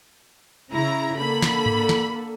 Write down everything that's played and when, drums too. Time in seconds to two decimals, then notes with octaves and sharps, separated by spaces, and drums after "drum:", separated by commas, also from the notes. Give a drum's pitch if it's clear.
0.73 C#3 E4 A#5
1.18 D3 A#3 A4 B5
1.42 drum: snare
1.66 drum: tom G#2
1.89 drum: snare